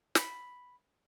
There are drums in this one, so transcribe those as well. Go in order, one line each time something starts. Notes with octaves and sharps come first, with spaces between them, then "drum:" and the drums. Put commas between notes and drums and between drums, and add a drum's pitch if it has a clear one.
B5, drum: snare